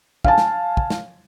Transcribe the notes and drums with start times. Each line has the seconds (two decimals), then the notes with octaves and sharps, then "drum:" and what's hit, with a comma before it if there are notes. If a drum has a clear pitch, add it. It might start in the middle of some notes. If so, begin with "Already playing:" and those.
0.25 F5 G#5 A5, drum: kick
0.38 drum: snare
0.77 drum: kick
0.90 drum: snare